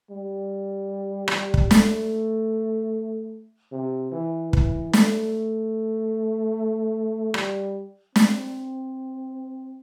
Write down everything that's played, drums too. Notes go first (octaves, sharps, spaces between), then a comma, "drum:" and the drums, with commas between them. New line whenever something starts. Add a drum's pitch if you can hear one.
G3
drum: rim click
drum: kick
A3, drum: snare
C3
E3
E3, drum: kick
A3, drum: snare
G3, drum: rim click
C4, drum: snare